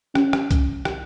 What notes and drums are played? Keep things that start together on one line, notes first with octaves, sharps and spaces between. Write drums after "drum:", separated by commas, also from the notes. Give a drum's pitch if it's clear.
C#4, drum: rim click
drum: rim click
drum: kick C2, hi-hat
drum: rim click